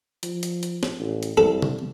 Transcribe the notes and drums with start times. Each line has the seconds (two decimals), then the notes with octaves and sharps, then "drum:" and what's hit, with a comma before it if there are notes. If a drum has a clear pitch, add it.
0.23 F3, drum: hi-hat
0.43 drum: hi-hat
0.63 drum: hi-hat
0.83 drum: snare
0.99 A1
1.23 drum: hi-hat
1.37 C2 A4
1.62 drum: tom C3